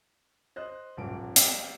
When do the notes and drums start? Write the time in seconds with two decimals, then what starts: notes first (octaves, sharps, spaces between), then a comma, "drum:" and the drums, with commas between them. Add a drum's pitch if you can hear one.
0.56 C5 D#5 F#6
0.97 D#1 B1 G#2 D7
1.36 D#5 F5 F#5 D6 E6, drum: hi-hat